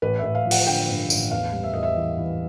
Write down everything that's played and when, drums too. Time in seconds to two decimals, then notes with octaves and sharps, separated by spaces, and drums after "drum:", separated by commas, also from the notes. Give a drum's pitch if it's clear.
0.02 A1 B4
0.19 A1 E5
0.35 F5
0.45 F3
0.51 F#5, drum: open hi-hat
0.66 D3 G5
0.89 G2
1.10 A1, drum: tambourine
1.31 E2 F5
1.53 G3
1.64 E5
1.73 E2 D#5
1.83 E5
1.96 E3
2.18 E3